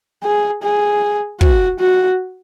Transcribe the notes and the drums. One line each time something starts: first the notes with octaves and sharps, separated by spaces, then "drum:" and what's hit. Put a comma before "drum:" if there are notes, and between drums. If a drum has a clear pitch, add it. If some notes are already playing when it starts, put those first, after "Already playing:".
G#4
G#4
F#4, drum: kick
F#4